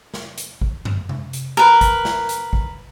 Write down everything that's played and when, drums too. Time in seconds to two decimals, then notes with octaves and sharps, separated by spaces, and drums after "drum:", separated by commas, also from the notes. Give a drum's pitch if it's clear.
0.14 drum: snare
0.38 drum: hi-hat
0.61 drum: kick
0.85 drum: tom F#2
1.09 drum: tom
1.33 drum: hi-hat
1.57 A#4 B4
1.81 drum: kick, hi-hat
2.05 drum: snare
2.29 drum: hi-hat
2.53 drum: kick